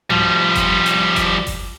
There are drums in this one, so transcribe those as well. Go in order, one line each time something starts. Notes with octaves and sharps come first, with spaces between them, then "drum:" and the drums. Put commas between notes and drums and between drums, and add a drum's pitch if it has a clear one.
F3 G3, drum: tom G#2
drum: kick F#1, hi-hat
drum: hi-hat
drum: kick F#1, hi-hat
drum: kick F#1, open hi-hat